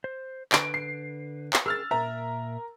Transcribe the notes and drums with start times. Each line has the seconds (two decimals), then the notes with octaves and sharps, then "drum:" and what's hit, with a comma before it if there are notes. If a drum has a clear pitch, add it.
0.04 C5
0.52 D3 B4 D7, drum: clap
0.74 C7
1.53 drum: clap
1.66 G#4 A#4 E6 F6 A6
1.91 A#2 A#4 E5 A#5